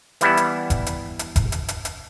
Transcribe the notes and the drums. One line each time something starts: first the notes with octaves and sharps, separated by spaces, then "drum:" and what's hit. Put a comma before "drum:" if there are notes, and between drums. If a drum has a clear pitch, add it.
E3 G3 B3 E4, drum: hi-hat
drum: hi-hat
drum: kick F1, hi-hat
drum: hi-hat
drum: hi-hat
drum: kick F1, hi-hat
drum: hi-hat
drum: hi-hat
drum: hi-hat